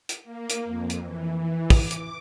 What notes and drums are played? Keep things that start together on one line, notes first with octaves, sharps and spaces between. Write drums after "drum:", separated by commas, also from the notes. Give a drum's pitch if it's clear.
drum: hi-hat
A#3
drum: hi-hat
F2
drum: hi-hat
E3
E3
D6, drum: kick, open hi-hat
drum: hi-hat